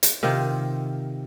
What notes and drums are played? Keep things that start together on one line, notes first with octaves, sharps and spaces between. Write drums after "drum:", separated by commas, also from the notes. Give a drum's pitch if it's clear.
drum: hi-hat
C3 D#3 F4